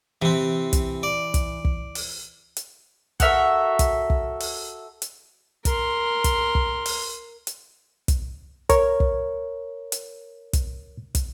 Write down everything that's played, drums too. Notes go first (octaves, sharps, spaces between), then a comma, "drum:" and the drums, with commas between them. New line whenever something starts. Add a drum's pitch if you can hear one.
C3 E3 C4
drum: kick, hi-hat
D5
drum: kick, hi-hat
drum: kick
drum: open hi-hat
drum: hi-hat
F#4 A4 A#4 E5, drum: kick, hi-hat
drum: kick, hi-hat
drum: kick
drum: open hi-hat
drum: hi-hat
A#4 C6, drum: kick, hi-hat
drum: kick, hi-hat
drum: kick
drum: open hi-hat
drum: hi-hat
drum: kick, hi-hat
A#4 C#5, drum: kick, hi-hat
drum: kick
drum: hi-hat
drum: kick, hi-hat
drum: kick, hi-hat